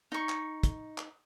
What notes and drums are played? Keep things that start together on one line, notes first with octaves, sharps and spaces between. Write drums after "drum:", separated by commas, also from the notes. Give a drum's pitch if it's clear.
D#4 C#6
drum: clap
drum: kick, hi-hat
drum: clap